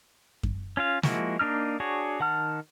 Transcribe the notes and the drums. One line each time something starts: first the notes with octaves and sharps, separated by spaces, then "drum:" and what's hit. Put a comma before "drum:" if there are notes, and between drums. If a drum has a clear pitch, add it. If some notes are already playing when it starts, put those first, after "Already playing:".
drum: kick F#2
C#4 F4 F5
F3 G#3 A#3 E4 F#4, drum: snare
A#3 D4 D#4 F6
D4 F#4 G#4 C#5
D#3 F#5 A5 F6